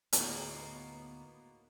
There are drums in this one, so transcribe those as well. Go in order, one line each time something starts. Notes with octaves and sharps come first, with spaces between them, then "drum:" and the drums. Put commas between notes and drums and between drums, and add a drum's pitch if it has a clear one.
D2 A2 A#3 B3 D#4 F#4 G#4 C#5, drum: hi-hat